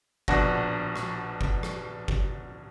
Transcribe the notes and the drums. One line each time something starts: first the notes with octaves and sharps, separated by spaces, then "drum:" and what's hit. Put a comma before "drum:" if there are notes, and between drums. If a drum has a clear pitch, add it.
A#1 B2 D4 F#4 A#6, drum: kick F#1
drum: rim click
drum: kick F#1
drum: rim click
drum: kick F#1